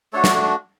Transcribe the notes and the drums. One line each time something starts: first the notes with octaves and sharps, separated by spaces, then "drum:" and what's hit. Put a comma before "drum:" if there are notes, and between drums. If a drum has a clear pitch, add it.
A3 D4 F#4 A4 C#5
drum: snare